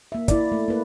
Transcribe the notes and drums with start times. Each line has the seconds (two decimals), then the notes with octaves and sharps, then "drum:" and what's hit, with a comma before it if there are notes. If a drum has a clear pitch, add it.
0.12 A#3 E5
0.28 E4 D5, drum: kick, hi-hat
0.52 A3
0.68 A#3 B4